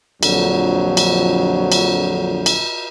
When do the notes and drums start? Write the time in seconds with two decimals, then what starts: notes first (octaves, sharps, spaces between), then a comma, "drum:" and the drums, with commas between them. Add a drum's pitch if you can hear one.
0.23 A#1 F2 D3 F#3, drum: cymbal
0.97 drum: cymbal
1.72 drum: cymbal
2.46 drum: cymbal